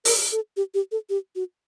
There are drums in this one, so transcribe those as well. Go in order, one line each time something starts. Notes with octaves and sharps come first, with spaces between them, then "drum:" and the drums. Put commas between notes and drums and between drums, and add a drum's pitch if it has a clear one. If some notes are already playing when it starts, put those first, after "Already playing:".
A#4, drum: open hi-hat
A4
G4
G4
A4
G4
F#4